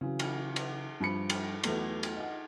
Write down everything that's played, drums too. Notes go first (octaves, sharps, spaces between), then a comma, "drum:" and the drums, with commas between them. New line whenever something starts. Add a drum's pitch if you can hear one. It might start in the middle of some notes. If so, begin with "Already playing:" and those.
C#3 E3 F#3
drum: cymbal
drum: cymbal
G2 F3 B5 C#7
drum: cymbal
E2 F#3 A3 B3, drum: cymbal
drum: cymbal
D#5 F#5